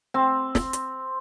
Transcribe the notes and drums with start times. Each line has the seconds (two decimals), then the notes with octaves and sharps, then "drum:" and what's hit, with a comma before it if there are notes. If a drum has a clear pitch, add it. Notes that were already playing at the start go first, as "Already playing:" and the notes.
0.14 C4
0.55 drum: snare
0.73 drum: hi-hat